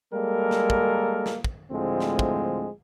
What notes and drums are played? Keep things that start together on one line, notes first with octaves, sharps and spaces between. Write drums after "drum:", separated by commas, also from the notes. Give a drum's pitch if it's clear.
G3 G#3 A#3 A4 A#4
drum: snare
drum: kick
drum: snare
drum: kick
D2 A2 F3 G#3 C4
drum: snare
drum: kick